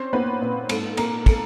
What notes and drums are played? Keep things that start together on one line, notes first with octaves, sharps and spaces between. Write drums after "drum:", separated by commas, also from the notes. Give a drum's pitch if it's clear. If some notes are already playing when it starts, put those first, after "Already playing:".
Already playing: C4 C#4 C5
A#3 B3 B4
A#2
G#2 A4, drum: cymbal
A#3 A#4, drum: cymbal
A4, drum: kick, cymbal